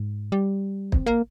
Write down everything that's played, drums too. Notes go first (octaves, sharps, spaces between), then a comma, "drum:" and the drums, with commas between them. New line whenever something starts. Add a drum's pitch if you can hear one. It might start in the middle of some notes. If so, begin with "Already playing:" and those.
Already playing: G#2
G3
C4, drum: kick
A#3